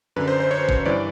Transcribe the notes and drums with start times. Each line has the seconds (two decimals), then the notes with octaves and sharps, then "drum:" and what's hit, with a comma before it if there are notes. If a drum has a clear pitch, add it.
0.16 F#2 D3 B4
0.28 C5
0.40 C5
0.51 C#5
0.69 drum: kick G#1
0.85 G2 E3 D5